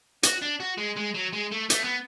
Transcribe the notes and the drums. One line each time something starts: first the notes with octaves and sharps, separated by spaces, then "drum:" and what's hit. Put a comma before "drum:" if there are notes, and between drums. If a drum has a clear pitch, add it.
F#4, drum: hi-hat
D4
F#4
G#3
G#3
F#3
G#3
A3
A3, drum: hi-hat
B3